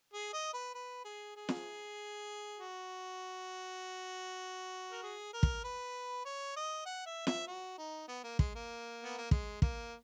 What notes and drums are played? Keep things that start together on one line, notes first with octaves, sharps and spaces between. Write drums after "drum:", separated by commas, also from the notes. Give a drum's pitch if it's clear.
G#4
D#5
B4
B4
G#4
G#4
drum: snare
F#4
A#4
G#4
A#4
drum: kick
B4
C#5
D#5
F#5
E5
E5, drum: snare
F#4
D#4
B3
A#3
G#3, drum: kick
A#3
B3
A#3
G#3, drum: kick
A#3, drum: kick